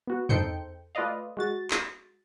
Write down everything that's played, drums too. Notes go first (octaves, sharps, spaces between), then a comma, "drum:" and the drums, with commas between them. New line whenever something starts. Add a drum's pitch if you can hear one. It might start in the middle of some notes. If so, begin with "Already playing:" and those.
B3 F#4
D#4 A4 C5 G5 G6 C#7, drum: tom
A3 F4 B4 D5 D#5 F5
G#3 F#4 A6
drum: clap